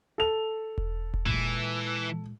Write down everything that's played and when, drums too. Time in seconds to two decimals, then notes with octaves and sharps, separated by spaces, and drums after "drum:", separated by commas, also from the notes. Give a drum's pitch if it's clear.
0.18 A4 F7
0.78 drum: kick E1
1.14 drum: kick E1
1.26 A#2 E3 G#3